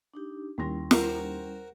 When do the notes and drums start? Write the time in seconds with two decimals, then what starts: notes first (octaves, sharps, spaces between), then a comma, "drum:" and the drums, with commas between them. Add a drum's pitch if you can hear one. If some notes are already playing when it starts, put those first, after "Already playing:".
0.14 D4 D#4 G4
0.58 D#2 G3 C#4 E4 C6 A#6
0.91 F#4 A#4 C5, drum: snare